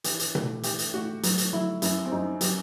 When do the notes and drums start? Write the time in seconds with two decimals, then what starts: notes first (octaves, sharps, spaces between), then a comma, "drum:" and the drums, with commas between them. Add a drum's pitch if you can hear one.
0.04 E3 G4, drum: hi-hat
0.19 drum: hi-hat
0.35 A2, drum: tom B2
0.63 E3 G4, drum: hi-hat
0.79 drum: hi-hat
0.94 A2 F#4
1.23 F#3, drum: hi-hat
1.38 drum: hi-hat
1.53 F#3 E4
1.82 F#2 E4, drum: hi-hat
2.05 C4
2.12 F#2 D#4
2.41 F#3 G4, drum: hi-hat